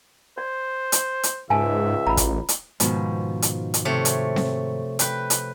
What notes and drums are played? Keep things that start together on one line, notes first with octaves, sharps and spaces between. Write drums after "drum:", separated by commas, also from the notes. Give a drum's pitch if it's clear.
C5 D5
drum: hi-hat
drum: hi-hat
C#2 G#2 E5 G#5 A5
A1 A#5 B5
drum: kick, hi-hat
drum: hi-hat
G#2 B2 D#3 F3, drum: hi-hat
drum: hi-hat
drum: hi-hat
C3 A3 C#5
drum: hi-hat
drum: snare C4
B4 G5, drum: hi-hat
drum: hi-hat